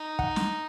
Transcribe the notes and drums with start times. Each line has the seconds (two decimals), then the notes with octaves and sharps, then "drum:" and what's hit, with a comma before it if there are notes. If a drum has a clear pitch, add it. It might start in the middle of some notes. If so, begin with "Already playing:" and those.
Already playing: D#4
0.19 F#5, drum: kick
0.36 drum: snare